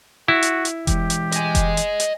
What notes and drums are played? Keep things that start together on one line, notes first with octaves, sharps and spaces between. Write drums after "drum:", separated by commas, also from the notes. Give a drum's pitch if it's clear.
E4 F#4
drum: hi-hat
drum: hi-hat
E3 G#3 G4, drum: kick F1, hi-hat
drum: hi-hat
D#5 G#5, drum: hi-hat
drum: kick F1, hi-hat
drum: hi-hat
drum: hi-hat